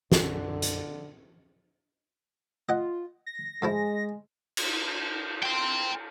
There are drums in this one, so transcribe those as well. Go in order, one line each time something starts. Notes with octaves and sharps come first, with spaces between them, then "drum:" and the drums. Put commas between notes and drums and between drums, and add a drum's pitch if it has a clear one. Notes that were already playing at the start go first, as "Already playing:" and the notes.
B1 F#2 D3, drum: snare
drum: hi-hat
F4 D#5 F#5
A#6
G#2 F3 G#3 E4
drum: cymbal
G5 C6